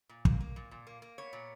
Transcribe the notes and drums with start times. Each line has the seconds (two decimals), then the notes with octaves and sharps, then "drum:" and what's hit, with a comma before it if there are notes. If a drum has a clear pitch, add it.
0.09 A#2
0.25 A#3, drum: kick
0.41 A#3
0.56 A#2
0.71 A#2
0.87 A#3
1.02 A#3
1.18 B3 C#5
1.33 A#2